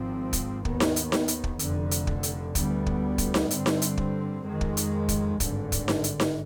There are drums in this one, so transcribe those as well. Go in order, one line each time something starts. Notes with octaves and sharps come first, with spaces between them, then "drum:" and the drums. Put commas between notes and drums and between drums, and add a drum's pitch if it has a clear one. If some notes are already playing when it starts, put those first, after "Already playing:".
Already playing: G#1 G#2 F3 C4
drum: kick, hi-hat
D#2 D#3 B3, drum: kick
drum: snare D#4
drum: hi-hat
drum: snare D#4
drum: hi-hat
drum: kick
F1 F2 D3, drum: hi-hat
drum: hi-hat
drum: kick
drum: hi-hat
D2 D3 G3 B3, drum: kick, hi-hat
drum: kick
drum: kick, hi-hat
drum: snare D#4
G2 D3 G3 C4, drum: hi-hat
drum: snare D#4
drum: hi-hat
drum: kick
F2 D#3 G#3
drum: kick
drum: hi-hat
drum: kick, hi-hat
G#1 G2 D3, drum: kick, hi-hat
drum: kick, hi-hat
drum: snare D#4
drum: hi-hat
drum: snare D#4